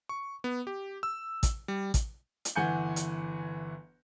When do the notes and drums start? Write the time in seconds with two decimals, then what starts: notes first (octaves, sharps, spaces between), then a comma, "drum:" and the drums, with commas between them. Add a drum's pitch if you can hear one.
0.09 C#6
0.44 B3
0.67 G4
1.03 E6
1.43 drum: kick, hi-hat
1.68 G3
1.94 drum: kick, hi-hat
2.45 drum: hi-hat
2.56 G1 E3 F#5 G#5 G6 C#7
2.96 drum: hi-hat